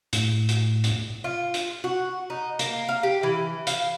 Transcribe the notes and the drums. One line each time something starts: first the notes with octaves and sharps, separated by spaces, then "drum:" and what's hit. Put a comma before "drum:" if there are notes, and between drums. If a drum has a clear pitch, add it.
A2, drum: hi-hat
drum: hi-hat
drum: hi-hat
F4
drum: hi-hat
F#4
D#4
A#3, drum: hi-hat
F5
G4
E3
F5, drum: hi-hat